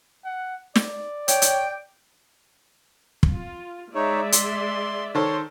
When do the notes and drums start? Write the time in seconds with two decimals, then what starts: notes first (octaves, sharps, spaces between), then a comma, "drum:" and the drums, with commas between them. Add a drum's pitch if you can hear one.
0.25 F#5
0.76 D5, drum: snare
1.28 C#5 G5, drum: hi-hat
1.42 drum: hi-hat
3.23 drum: kick
3.34 F4
3.95 G#3 D#4 C#5 D5 E5
4.32 C6, drum: hi-hat
5.15 D#3 A4 C5 C#5 C6